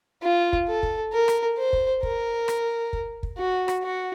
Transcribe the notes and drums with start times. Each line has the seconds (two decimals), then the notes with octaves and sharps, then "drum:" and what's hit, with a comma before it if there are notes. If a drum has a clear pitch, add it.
0.23 F4
0.53 drum: kick
0.68 A4
0.83 drum: kick
1.13 A#4
1.28 drum: rim click
1.58 C5
1.73 drum: kick
2.03 A#4, drum: kick
2.48 drum: rim click
2.93 drum: kick
3.23 drum: kick
3.38 F#4
3.68 drum: rim click
3.83 F#4